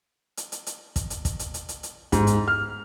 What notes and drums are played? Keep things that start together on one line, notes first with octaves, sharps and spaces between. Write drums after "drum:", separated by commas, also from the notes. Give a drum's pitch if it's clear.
drum: hi-hat
drum: hi-hat
drum: hi-hat
drum: kick, hi-hat
drum: hi-hat
drum: kick, hi-hat
drum: hi-hat
drum: hi-hat
drum: hi-hat
drum: hi-hat
G#2, drum: kick, hi-hat
drum: hi-hat
F6